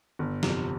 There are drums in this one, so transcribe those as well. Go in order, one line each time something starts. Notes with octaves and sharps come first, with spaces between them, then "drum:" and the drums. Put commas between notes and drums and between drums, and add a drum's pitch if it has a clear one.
G1
F2 C3, drum: snare